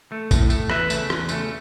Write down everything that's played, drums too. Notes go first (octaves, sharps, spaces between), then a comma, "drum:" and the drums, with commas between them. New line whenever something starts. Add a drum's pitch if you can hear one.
A3
A2, drum: kick, tambourine
A3, drum: tambourine
E2 B4 E5, drum: rim click
C#3 A3, drum: tambourine
E2, drum: rim click
C#3 A3, drum: tambourine